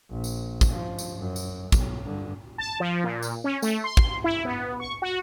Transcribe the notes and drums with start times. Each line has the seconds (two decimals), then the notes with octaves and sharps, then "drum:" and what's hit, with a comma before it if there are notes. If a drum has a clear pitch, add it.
0.11 A#1
0.24 drum: tambourine
0.61 drum: kick, tambourine
0.73 F3
0.99 drum: tambourine
1.19 F#2
1.36 drum: tambourine
1.72 B1, drum: kick, tambourine
2.04 G2 D3
2.58 A5
2.80 F3
3.04 A#2
3.23 drum: tambourine
3.44 C#4
3.62 A3, drum: tambourine
3.84 C6
3.97 drum: kick
4.24 E4
4.45 B3
4.80 C#6
5.02 F#4